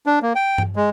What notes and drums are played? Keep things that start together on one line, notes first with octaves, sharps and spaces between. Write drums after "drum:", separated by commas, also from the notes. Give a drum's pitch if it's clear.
D4
A#3
G5
drum: tom G2
G#3